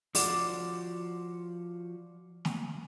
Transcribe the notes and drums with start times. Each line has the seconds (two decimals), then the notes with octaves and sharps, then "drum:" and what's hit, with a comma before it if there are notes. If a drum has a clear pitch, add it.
0.15 F3 F#4 D5, drum: open hi-hat
2.45 drum: snare